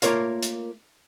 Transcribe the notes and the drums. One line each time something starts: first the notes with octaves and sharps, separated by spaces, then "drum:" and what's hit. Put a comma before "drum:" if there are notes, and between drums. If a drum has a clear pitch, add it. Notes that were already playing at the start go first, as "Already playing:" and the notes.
A3 A#3 F4 A#4 C#5 F5, drum: hi-hat
drum: hi-hat